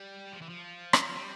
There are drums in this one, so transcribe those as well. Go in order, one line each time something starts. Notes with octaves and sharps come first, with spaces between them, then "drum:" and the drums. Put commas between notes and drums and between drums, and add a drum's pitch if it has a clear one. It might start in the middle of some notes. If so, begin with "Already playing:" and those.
Already playing: G3
F3
E3
F3
drum: rim click
G3